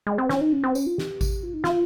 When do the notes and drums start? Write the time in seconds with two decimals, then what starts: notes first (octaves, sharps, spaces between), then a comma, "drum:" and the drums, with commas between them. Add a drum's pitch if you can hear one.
0.07 G#3
0.18 C4
0.29 C#4, drum: snare
0.41 D#4
0.52 C#4
0.64 C4
0.75 C#4, drum: tambourine
0.86 F4
0.98 G4, drum: snare
1.21 drum: kick G#1, tambourine
1.43 F4
1.54 D#4
1.64 F4, drum: snare